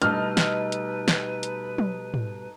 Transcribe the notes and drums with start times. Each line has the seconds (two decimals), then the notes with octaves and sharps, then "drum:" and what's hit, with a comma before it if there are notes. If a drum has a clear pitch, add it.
0.02 B2 G3 A3 D#4 A4 B4 D#5 F6, drum: hi-hat
0.37 drum: snare
0.72 drum: hi-hat
1.08 drum: snare
1.43 drum: hi-hat
1.78 drum: tom
2.14 drum: tom G#2